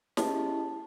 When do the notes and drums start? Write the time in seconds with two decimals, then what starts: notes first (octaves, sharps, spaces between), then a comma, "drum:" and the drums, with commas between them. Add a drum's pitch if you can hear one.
0.17 C#4 E4 G4 G#4 D#5 A5, drum: snare